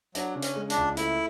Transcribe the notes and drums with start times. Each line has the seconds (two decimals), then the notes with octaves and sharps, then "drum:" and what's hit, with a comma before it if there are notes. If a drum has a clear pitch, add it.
0.15 F#3 D4, drum: hi-hat
0.35 C#3
0.42 C#4, drum: hi-hat
0.56 G#3
0.70 D4, drum: hi-hat
0.77 C#2
0.97 A3 E4, drum: hi-hat